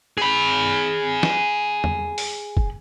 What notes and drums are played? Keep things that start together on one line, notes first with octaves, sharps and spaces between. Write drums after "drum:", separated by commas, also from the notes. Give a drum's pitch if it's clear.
G#4 B5
drum: snare
drum: tom E2
drum: open hi-hat
drum: kick